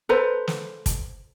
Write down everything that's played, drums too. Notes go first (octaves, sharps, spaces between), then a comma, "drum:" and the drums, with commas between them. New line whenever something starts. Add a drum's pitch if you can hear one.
A4 B4 C5 A#5
drum: snare
drum: kick, hi-hat